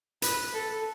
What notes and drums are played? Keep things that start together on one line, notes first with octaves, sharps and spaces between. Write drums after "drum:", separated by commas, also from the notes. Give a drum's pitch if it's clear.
B4, drum: hi-hat
A4